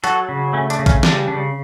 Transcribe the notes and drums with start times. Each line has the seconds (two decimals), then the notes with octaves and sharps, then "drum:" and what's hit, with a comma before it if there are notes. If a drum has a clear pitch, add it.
0.04 F#3 F#4 A4, drum: hi-hat
0.29 C#3
0.53 A3 C#4
0.70 D4, drum: hi-hat
0.79 C#3
0.86 C#4, drum: kick, hi-hat
1.03 G3 D4, drum: snare
1.28 C#3 D4